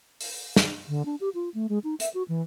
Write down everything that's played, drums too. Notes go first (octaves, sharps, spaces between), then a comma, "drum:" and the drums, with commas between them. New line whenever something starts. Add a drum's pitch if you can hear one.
drum: open hi-hat
drum: snare
D3
D4
G4
F4
A3
G#3
D#4
E5, drum: hi-hat
F#4
E3